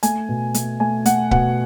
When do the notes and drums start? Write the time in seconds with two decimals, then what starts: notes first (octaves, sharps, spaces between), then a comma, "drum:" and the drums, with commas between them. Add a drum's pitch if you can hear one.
0.03 A3 G#5, drum: hi-hat
0.29 B2
0.54 A3, drum: hi-hat
0.80 A3 G#5
1.05 A3 F#5, drum: hi-hat
1.31 B2 F#5, drum: kick C#1